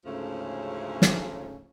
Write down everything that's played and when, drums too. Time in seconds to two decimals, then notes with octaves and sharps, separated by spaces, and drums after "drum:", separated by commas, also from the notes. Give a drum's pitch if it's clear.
0.05 D2 G#2 C#3 F3 A3 C#4
1.02 drum: snare